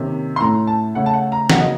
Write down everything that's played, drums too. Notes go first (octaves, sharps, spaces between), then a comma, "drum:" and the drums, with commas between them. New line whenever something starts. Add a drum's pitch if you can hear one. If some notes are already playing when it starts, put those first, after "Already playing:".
Already playing: C3 D#3 A#3 C#4
C6
A2 A3 C#4 A#5
A5
C#3 A3 C#4 F#5
A5
F#5
A#5
C#3 F#3 A#3 F#5, drum: snare
D#5